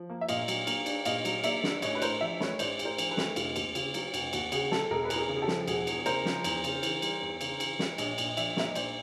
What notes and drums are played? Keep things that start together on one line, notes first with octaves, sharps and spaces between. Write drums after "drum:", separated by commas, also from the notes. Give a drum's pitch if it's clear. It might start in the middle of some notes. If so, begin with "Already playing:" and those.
Already playing: F3
A#3
E5
A#2 D#5 F5, drum: cymbal
F#3, drum: cymbal
A#3, drum: cymbal
D4, drum: cymbal
A#2 D#5 F5, drum: cymbal
F#3, drum: cymbal
A#3 D5 E5, drum: cymbal
D4, drum: snare
A1 C#5 D#5, drum: cymbal
B4
A2 A#4 C5, drum: cymbal
F3 D5 E5
A3 B4 C#5, drum: snare
A1 C5 D5, drum: cymbal
A2, drum: cymbal
A#4 C5
F3, drum: cymbal
A4 B4
A3, drum: snare
F1 F4 G4, drum: cymbal
D#2 F4 G4, drum: cymbal
C#3 F4 G4, drum: cymbal
F#3 F4, drum: cymbal
G4
F1 F#4, drum: cymbal
D#2 F#4, drum: cymbal
C#3 F#4 G#4, drum: cymbal
F#3 G4 A4, drum: snare
E1 G#4 A#4
B4
E2, drum: cymbal
G#4 A#4
C#3
G#4
G4 A4
F3, drum: snare
E1 F#4 G#4, drum: cymbal
E2, drum: cymbal
C#3 A#4 C5, drum: cymbal
F3, drum: snare
E2, drum: cymbal
C#3, drum: cymbal
E3, drum: cymbal
G3, drum: cymbal
E2
C#3, drum: cymbal
E3, drum: cymbal
G3, drum: snare
A#1 C#5 D#5, drum: cymbal
A#2, drum: cymbal
D#5
F3 D5 E5, drum: cymbal
A#3 E5, drum: snare
D#5
A#1 C5 D5, drum: cymbal